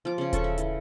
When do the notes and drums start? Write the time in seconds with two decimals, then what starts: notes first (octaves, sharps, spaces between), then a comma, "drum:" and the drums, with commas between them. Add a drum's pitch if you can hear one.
0.05 F3 D6
0.18 C#3 C#4
0.33 C#4 A4 C#6, drum: kick D#1, hi-hat
0.44 E5
0.58 E3, drum: hi-hat